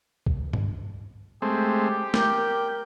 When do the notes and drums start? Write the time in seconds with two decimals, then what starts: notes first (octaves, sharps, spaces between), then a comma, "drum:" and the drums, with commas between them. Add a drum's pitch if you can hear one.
0.26 drum: kick C2
0.53 drum: tom G2
1.42 G#3 A3 C4 G4
2.14 A#4 G5, drum: snare